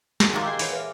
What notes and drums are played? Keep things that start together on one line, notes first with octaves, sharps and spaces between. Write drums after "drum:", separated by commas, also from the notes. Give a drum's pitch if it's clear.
A#2 F#4 G#4, drum: snare
D#3 G#3 A#3 G4 D5 E5
G#4 D#5 G5 G6 G#6 C7
E3 C#5 F#5 D6, drum: open hi-hat
B4 C#5 E5 F5